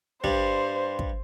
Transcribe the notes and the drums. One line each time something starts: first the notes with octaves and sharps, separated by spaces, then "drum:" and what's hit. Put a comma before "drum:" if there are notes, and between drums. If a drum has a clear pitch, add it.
G2 G3 C5, drum: kick
drum: kick